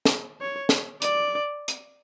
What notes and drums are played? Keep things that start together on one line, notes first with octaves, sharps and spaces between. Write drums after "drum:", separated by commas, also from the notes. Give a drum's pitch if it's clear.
drum: snare
C#5
drum: snare
D5, drum: hi-hat
drum: hi-hat